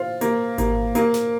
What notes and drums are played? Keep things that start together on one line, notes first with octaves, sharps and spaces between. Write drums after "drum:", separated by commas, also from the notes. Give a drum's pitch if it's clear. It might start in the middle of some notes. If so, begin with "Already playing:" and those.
Already playing: F4 C5
A#3, drum: hi-hat
A#3, drum: kick G#1, hi-hat
A#3 A#4, drum: hi-hat
drum: snare